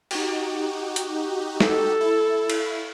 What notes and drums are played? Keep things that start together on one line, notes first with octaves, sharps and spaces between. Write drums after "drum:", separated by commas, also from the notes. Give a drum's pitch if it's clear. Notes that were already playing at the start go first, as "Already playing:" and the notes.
D#4 F#4 G4, drum: cymbal
drum: hi-hat
A4, drum: snare
E4
drum: cymbal